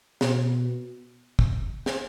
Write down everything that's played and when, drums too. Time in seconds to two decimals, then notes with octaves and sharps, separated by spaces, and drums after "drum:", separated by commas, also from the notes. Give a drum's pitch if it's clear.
0.21 B2, drum: snare
1.39 drum: kick
1.86 drum: snare